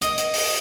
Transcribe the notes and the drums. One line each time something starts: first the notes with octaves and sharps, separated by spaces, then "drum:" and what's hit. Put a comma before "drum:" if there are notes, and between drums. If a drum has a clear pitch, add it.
D#5, drum: hi-hat
drum: hi-hat
drum: open hi-hat